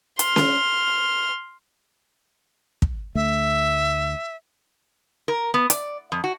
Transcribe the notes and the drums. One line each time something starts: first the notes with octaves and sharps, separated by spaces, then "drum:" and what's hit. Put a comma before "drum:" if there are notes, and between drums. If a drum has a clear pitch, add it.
C6 F6, drum: hi-hat
drum: snare C#4
drum: kick
D2 A3 E5
A#4
B3
D5, drum: hi-hat
F2
F#4